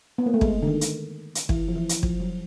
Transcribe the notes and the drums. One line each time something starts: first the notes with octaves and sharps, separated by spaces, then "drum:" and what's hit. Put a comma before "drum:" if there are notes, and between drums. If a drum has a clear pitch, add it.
B3
A#3
A3
G#3, drum: kick
D3
D#3
drum: hi-hat
drum: hi-hat
E3, drum: kick
F3
E3
drum: hi-hat
F3, drum: kick
F#3